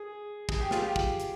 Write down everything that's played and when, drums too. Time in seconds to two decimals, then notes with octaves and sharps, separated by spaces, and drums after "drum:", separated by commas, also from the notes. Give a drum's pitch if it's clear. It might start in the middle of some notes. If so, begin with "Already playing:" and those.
Already playing: G#4
0.49 G#4, drum: kick
0.60 G4
0.71 F4, drum: snare
0.82 G4
0.96 drum: kick
1.20 drum: hi-hat